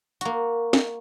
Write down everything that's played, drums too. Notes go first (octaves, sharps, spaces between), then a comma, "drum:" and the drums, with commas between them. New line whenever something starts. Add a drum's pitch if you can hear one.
A#3 F#4, drum: hi-hat
drum: snare